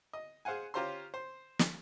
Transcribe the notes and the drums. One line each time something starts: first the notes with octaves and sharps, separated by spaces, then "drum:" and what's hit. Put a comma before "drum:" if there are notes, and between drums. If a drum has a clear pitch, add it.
D#5
G#4 C5 F5 F#5 G#5
C#4 F4 G4 C5 A#5 C6
C5
drum: snare